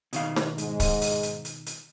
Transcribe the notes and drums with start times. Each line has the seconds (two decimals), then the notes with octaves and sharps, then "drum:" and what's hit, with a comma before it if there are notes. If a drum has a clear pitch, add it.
0.13 B2 D#3 F5, drum: hi-hat
0.36 drum: snare
0.58 G#2 G#3, drum: hi-hat
0.80 drum: kick, open hi-hat
1.01 drum: open hi-hat
1.23 drum: hi-hat
1.45 drum: hi-hat
1.66 drum: hi-hat